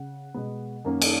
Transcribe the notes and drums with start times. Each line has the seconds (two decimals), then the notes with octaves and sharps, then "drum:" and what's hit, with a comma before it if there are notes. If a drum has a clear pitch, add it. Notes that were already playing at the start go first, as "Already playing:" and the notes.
Already playing: C#3 F#5
0.34 B2 G#3 B3
0.85 F#2 D#3 A#3 C#4
1.02 drum: cymbal